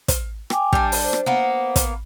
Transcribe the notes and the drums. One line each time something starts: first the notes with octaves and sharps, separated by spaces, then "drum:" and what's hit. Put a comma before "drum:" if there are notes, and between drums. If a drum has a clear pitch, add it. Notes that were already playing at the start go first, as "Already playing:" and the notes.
drum: kick, hi-hat
G5 G#5 D6, drum: rim click
G3 D4, drum: kick
drum: open hi-hat
C5
drum: rim click
A#3 B3
drum: kick, hi-hat